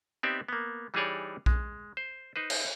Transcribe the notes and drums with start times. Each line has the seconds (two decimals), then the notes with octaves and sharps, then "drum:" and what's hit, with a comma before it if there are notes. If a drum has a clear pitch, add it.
0.23 B3 C4 D#4 G4 D5 E5
0.48 A#3 B3
0.94 E3 G3 D#4 G#4 C#5 D5
1.46 G#3, drum: kick B1
1.97 C5
2.36 D#4 B4 C5
2.50 drum: cymbal